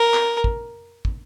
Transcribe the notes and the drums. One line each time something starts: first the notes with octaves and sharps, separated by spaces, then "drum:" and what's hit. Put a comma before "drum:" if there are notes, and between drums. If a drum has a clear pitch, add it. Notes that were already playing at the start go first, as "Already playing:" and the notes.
Already playing: A#4
drum: clap
drum: kick
drum: kick